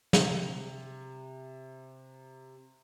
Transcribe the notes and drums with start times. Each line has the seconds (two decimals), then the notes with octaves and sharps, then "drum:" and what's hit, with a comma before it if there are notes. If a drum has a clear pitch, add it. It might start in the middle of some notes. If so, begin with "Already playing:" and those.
0.13 C3 F7, drum: snare